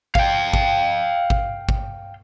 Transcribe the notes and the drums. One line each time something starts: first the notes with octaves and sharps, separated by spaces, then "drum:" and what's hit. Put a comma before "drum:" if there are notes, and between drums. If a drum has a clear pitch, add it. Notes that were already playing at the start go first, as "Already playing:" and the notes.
F5 G5, drum: kick G#1
drum: kick G#1
drum: kick G#1
drum: kick G#1